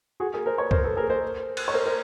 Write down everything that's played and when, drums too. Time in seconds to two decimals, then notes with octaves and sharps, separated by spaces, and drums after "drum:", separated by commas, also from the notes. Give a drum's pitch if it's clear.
0.20 F#4 G#4
0.34 G#4 A#4
0.46 A#4 C5
0.58 B4 C#5
0.71 A#4 C5, drum: kick
0.84 A4 B4
0.96 G#4 A#4
1.09 A#4 C5
1.57 drum: cymbal
1.68 C#5
1.74 A#4 C5
1.86 A#4 C5